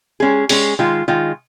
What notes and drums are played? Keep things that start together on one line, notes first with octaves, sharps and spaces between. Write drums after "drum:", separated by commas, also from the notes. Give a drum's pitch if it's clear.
G#3 C#4 G#4
G#3 C#4 G#4, drum: open hi-hat
D#3 G#3 F4
D#3 G#3 F4